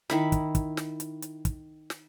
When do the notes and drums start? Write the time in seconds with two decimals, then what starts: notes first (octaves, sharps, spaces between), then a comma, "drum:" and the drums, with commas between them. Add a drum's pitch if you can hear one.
0.10 D#3 E4 B5, drum: snare
0.32 drum: kick, hi-hat
0.55 drum: kick, hi-hat
0.77 drum: snare
1.00 drum: hi-hat
1.22 drum: hi-hat
1.45 drum: kick, hi-hat
1.90 drum: snare